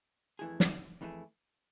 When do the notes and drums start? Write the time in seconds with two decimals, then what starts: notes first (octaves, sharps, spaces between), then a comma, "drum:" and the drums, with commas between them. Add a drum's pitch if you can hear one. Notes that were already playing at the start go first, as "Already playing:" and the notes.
0.39 F2 E3 A3 E4 G#4
0.60 drum: snare
1.01 F2 E3 A3 E4 G#4